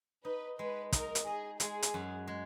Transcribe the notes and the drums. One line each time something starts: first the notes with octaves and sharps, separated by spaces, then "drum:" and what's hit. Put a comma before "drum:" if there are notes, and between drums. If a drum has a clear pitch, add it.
D#4 B4
G#3 B4
D#4 A#4, drum: kick, hi-hat
drum: hi-hat
G#4 D#5
G#3 G#4, drum: hi-hat
drum: hi-hat
F#2
G#3